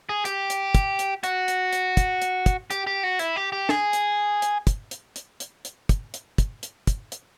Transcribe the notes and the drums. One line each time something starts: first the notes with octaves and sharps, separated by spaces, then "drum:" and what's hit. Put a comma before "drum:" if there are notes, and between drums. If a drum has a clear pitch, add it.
G#4
G4, drum: hi-hat
drum: hi-hat
drum: kick, hi-hat
drum: hi-hat
F#4, drum: hi-hat
drum: hi-hat
drum: hi-hat
drum: kick, hi-hat
drum: hi-hat
drum: kick, hi-hat
G4, drum: hi-hat
G4
F#4
E4, drum: hi-hat
G4
G4
G#4, drum: snare
drum: hi-hat
drum: hi-hat
drum: kick, hi-hat
drum: hi-hat
drum: hi-hat
drum: hi-hat
drum: hi-hat
drum: kick, hi-hat
drum: hi-hat
drum: kick, hi-hat
drum: hi-hat
drum: kick, hi-hat
drum: hi-hat